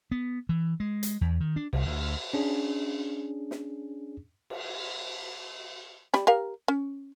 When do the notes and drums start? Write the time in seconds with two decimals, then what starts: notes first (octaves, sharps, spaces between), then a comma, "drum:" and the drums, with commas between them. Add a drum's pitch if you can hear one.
0.12 B3
0.49 E3
0.80 G#3
1.03 drum: hi-hat
1.21 E2
1.40 D#3
1.56 D4
1.73 C2, drum: cymbal
1.86 D2
2.34 C#4 D4 G#4
3.51 drum: snare
4.50 drum: cymbal
6.14 G4 D5 B5, drum: snare
6.27 G4 A#4 F5
6.68 C#4